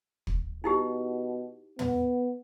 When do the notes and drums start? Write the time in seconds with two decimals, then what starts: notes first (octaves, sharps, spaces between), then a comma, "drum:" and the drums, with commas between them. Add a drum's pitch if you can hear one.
0.27 drum: kick
0.64 B2 D#4 E4 G4
1.79 B3, drum: tom